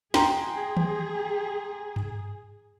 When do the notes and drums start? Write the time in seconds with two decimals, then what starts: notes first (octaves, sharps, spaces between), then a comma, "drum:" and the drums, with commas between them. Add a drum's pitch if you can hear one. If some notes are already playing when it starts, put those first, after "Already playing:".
0.14 G#4 G5 A#5 C6, drum: snare
0.77 drum: tom D#3
1.96 drum: tom G2